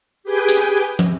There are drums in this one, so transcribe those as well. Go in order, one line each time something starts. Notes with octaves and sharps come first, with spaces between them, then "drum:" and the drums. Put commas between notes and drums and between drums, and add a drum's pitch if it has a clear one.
G4 G#4 B4 G5 G#5
drum: hi-hat
drum: tom